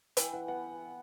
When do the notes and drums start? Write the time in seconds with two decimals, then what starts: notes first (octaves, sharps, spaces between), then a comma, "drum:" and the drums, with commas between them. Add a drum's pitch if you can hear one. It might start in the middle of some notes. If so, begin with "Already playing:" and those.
0.17 E3 G5, drum: hi-hat
0.33 E3 F#5
0.48 B3 F#5